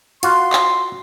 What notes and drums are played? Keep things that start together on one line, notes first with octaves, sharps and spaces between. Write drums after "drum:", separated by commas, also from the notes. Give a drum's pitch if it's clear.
F4 F#4 C6, drum: hi-hat
drum: clap